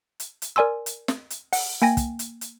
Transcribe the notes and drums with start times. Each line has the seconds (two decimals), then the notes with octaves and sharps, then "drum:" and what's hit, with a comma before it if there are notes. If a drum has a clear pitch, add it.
0.20 drum: hi-hat
0.42 drum: hi-hat
0.56 A#4 D5 G#5 C6 E6
0.86 drum: hi-hat
1.08 drum: snare
1.30 drum: hi-hat
1.53 F#5, drum: open hi-hat
1.82 A#3 G5 G#5 A#6
1.97 drum: kick, hi-hat
2.19 drum: hi-hat
2.41 drum: hi-hat